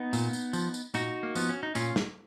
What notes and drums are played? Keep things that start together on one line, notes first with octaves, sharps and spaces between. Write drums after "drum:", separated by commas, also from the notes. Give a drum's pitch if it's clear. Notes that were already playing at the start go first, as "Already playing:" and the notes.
Already playing: B3 D#4
A#2, drum: tambourine
drum: tambourine
F3, drum: tambourine
drum: tambourine
A#2 D#4 F#4, drum: tambourine
A#3
F3 B3, drum: tambourine
C#4
D#4
A#2 C#4 F4, drum: tambourine
drum: snare